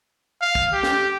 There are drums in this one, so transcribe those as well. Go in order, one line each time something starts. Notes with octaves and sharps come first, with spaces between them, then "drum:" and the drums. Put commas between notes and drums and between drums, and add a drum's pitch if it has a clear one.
F5
drum: kick
G4
drum: snare